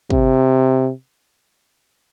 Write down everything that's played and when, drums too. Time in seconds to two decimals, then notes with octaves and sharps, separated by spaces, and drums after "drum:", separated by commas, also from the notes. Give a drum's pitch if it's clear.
0.10 C3, drum: kick